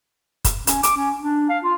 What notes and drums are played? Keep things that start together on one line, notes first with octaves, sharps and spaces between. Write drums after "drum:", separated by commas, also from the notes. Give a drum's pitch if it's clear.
drum: kick, hi-hat
C#4, drum: hi-hat
D6, drum: hi-hat
C#4
D4
F5
F4